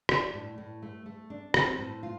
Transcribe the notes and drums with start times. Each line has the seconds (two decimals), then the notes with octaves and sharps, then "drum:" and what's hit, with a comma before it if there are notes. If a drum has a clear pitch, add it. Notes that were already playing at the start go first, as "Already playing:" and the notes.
0.09 D4 D5, drum: rim click
0.34 A2
0.58 A2
0.82 A3
1.06 A3
1.30 D4
1.54 C4 C5, drum: rim click
1.78 A2
2.03 F4